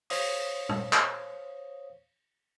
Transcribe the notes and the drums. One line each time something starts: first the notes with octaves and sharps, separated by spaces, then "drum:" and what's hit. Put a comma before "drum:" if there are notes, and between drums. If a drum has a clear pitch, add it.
C5 C#5 F5 D#6, drum: open hi-hat
drum: tom
drum: clap